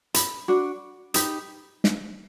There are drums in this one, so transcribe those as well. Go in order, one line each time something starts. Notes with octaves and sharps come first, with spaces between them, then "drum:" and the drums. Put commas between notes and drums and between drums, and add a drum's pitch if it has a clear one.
B5, drum: hi-hat
D4 F#4
D#4 G4 B4, drum: hi-hat
drum: snare